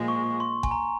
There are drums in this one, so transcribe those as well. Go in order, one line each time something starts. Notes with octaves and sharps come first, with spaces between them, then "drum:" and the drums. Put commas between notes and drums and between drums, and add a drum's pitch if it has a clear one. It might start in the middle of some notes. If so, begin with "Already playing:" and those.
Already playing: A#2 F3 G#3
C#6
C6
G#5, drum: kick G1
A#5